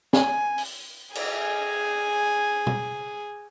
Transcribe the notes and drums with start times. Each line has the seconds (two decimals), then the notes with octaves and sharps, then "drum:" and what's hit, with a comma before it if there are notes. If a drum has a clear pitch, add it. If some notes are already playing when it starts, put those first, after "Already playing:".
0.13 G#5, drum: snare
0.58 drum: open hi-hat
1.15 G#4 G#5, drum: cymbal
2.67 drum: tom B2